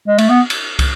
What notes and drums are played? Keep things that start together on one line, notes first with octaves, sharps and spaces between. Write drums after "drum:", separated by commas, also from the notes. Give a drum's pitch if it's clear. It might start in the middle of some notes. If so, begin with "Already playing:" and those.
G#3
A3, drum: cymbal
B3
drum: cymbal
drum: kick, cymbal